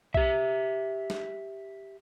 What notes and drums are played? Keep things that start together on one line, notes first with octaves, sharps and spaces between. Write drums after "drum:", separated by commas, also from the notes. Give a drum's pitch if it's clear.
G4 E5, drum: kick B1
drum: snare